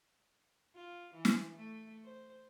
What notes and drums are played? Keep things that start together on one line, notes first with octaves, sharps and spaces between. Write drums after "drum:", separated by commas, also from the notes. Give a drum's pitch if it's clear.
F4
E3
drum: snare
A3
C5